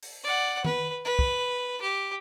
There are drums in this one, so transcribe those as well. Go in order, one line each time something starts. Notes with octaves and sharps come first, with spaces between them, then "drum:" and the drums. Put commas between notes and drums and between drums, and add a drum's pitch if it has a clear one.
drum: open hi-hat
D5 F#5
B4, drum: tom D#3
B4
drum: kick
G4